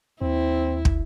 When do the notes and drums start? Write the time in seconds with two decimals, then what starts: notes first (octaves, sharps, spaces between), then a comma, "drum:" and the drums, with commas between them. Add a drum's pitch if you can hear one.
0.21 D#2 C4 E4
0.85 drum: kick